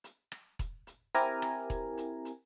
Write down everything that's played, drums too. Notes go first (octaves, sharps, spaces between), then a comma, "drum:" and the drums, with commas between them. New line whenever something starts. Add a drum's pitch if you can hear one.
drum: hi-hat
drum: rim click
drum: kick E1, hi-hat
drum: hi-hat
C4 E4 G4 A#4 G#5 A#5, drum: hi-hat
drum: rim click
drum: kick E1, hi-hat
drum: hi-hat
drum: hi-hat